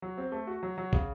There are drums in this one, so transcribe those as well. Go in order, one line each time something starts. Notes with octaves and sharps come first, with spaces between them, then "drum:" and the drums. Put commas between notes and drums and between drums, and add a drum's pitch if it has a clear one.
F#3
C4
A3
F#4
F#3
F#3
C#3, drum: kick